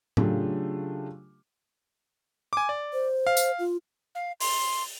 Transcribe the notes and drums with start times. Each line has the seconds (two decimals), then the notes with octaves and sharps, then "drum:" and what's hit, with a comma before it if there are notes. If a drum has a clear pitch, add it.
0.17 C#3 F#3 A3 D4 F4 G4, drum: tom A2
2.53 G#5 D6
2.69 D5
2.93 C5
3.27 F5
3.37 drum: tambourine
3.59 F4
4.15 F5
4.40 C6, drum: open hi-hat